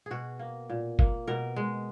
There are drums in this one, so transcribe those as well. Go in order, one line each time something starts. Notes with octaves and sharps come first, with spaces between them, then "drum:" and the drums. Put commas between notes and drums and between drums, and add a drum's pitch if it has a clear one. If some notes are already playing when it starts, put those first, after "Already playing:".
B2 F#4 G#4
A#3
A#2
A#3, drum: kick F#1
B2 A#4
G#3